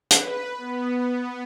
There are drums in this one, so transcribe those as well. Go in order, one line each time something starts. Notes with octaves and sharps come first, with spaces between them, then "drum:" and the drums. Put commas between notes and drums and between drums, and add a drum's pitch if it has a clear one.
B4, drum: hi-hat
B3